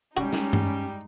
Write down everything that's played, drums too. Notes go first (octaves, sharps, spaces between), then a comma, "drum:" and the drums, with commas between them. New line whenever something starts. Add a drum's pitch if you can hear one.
G3 G#3 C#4 D#4 F#4
drum: snare
drum: tom G2